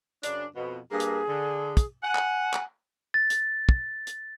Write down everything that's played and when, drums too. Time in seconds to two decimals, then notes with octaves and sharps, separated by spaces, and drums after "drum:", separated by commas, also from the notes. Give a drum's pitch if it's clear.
0.23 F#2 C#3 D4, drum: hi-hat
0.56 F2 B2
0.91 G2 A#3 G#4
1.00 drum: hi-hat
1.28 D3
1.77 drum: kick, hi-hat
2.03 F#5 G#5
2.15 drum: clap
2.54 drum: clap
3.14 A6
3.30 drum: hi-hat
3.69 drum: kick
4.07 drum: hi-hat